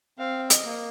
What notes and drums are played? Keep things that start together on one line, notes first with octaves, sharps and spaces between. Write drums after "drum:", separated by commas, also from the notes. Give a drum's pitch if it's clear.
C4 F5
D#5, drum: hi-hat
A#3